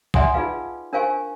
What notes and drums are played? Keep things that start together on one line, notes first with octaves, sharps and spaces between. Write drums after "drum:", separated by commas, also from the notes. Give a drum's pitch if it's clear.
D5 E5 F#5 G#5 C6 D#6, drum: kick A#1
D#4 F4 G#4 B4 F5
D4 A#4 C5 F5 G#5 C#6